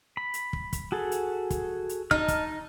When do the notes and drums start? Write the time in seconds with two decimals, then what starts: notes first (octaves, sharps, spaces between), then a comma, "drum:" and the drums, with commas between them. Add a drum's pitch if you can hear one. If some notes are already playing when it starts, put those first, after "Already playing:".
0.17 B5
0.34 drum: hi-hat
0.53 drum: kick
0.73 drum: kick, hi-hat
0.92 F#4 G#4 A4
1.12 drum: hi-hat
1.50 drum: kick, hi-hat
1.89 drum: hi-hat
2.11 D#4 A5 F6, drum: kick
2.28 drum: kick, hi-hat